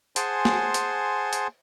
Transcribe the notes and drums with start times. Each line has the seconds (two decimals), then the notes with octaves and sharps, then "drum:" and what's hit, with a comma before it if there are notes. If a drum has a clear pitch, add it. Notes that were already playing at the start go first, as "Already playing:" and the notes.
0.16 G#4 C5 F#5 G#5 A5 C6, drum: hi-hat
0.45 drum: snare
0.74 drum: hi-hat
1.33 drum: hi-hat